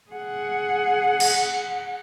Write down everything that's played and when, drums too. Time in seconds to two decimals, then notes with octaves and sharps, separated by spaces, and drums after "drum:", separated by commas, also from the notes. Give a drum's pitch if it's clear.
0.11 G#4 F#5
1.20 drum: cymbal